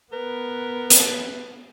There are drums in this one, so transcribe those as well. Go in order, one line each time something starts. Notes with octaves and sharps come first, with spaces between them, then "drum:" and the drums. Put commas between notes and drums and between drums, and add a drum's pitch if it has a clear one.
B3 A#4 B4
drum: hi-hat